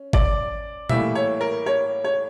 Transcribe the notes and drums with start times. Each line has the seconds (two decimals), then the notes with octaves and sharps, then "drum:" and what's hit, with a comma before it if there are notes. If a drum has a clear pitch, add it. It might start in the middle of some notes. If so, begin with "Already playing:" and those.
Already playing: C#4
0.13 D5, drum: kick G#1
0.89 A2 E3 G3 A#3 E5, drum: tom A#2
1.15 C#5
1.41 A#4
1.66 C#5
2.04 C#5